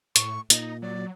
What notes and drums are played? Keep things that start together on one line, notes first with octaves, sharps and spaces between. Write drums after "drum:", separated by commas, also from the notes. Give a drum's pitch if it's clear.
A2 C#6, drum: hi-hat
A#2 D#4 D#5, drum: hi-hat
F#3 D5